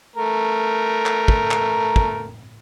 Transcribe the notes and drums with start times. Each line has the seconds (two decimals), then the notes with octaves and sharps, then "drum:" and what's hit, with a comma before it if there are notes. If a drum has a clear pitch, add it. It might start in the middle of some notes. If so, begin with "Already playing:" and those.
0.16 A3 A#4
1.06 drum: clap
1.28 drum: kick
1.51 drum: clap
1.96 drum: kick